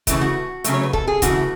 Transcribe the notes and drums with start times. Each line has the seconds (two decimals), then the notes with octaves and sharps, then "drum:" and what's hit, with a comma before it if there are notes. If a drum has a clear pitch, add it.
0.07 C#3 E3 A3, drum: kick, hi-hat
0.21 F#4
0.64 C#3 F#3 A3, drum: hi-hat
0.74 C#5
0.83 B4
0.93 A4, drum: kick
1.07 G#4
1.22 C#3 E3 A3 F#4, drum: kick, hi-hat